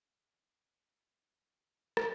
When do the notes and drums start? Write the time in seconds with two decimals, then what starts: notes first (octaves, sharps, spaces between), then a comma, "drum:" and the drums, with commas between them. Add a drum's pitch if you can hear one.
0.01 C4 C#4 E4 G4 G#4 B4
0.81 F#4 G#4 C5 D5 E5
1.17 G3 D#4 F4
1.50 D#3 F#3
1.97 drum: rim click